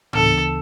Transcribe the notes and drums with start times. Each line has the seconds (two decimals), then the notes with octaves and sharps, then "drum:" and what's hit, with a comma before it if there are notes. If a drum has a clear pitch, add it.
0.13 D2 C#3 E3 B3 D4 A4, drum: tom A2